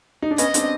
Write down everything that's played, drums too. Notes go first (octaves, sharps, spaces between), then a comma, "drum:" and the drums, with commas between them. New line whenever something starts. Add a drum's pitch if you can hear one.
D#4
D4
B3 C#4 D#5, drum: hi-hat
C4 D4, drum: hi-hat